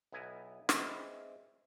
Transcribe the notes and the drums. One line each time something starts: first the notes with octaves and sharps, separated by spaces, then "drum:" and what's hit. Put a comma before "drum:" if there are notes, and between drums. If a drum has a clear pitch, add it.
B1 B3 E4 G#5 A#5
E3 G#3 C4 E4, drum: snare